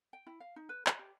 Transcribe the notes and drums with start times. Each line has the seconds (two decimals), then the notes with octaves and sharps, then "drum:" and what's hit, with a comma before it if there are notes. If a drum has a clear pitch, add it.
0.13 G5
0.27 E4
0.40 F5
0.56 D#4
0.69 B4
0.86 C#5, drum: clap
0.99 G4